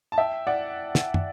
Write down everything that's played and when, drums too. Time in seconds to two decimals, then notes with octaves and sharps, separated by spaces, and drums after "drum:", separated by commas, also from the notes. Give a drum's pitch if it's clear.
0.12 A5
0.18 E5 G5
0.47 D5 F#5
0.95 drum: snare
1.14 drum: tom